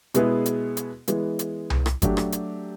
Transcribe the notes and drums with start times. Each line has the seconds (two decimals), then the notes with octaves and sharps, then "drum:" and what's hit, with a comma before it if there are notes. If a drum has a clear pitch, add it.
0.14 B2 G#3 B3 E4 G#4, drum: hi-hat
0.46 drum: hi-hat
0.77 drum: hi-hat
1.08 E3 G#3 B3, drum: hi-hat
1.39 drum: hi-hat
1.70 drum: tom C2
1.86 drum: rim click
2.02 F#3 A3 D4 G4, drum: kick G1, hi-hat
2.17 drum: rim click
2.32 drum: hi-hat